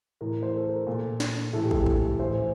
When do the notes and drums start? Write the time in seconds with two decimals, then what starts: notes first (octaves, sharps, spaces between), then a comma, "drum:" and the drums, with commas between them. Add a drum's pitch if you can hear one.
0.21 A2 E3 A#4
0.42 C5
0.57 A4
0.65 A#4
0.87 A#2 A4
1.20 drum: snare
1.53 A2 E3 A4
1.62 G4
1.71 A4, drum: kick
1.86 drum: kick
2.19 A2 E3 C5